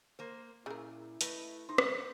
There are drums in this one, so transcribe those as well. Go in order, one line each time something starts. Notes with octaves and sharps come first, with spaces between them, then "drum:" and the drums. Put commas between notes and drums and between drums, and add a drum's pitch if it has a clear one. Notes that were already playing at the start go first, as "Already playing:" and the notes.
A#3 C5
A#2 C#3 E4 A#4
A3 B4 D#5, drum: hi-hat
D#4 C5
drum: rim click